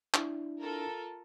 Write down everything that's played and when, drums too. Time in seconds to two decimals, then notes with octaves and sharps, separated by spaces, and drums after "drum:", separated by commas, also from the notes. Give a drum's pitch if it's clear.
0.14 D4 E4, drum: clap
0.59 F4 A4 A#4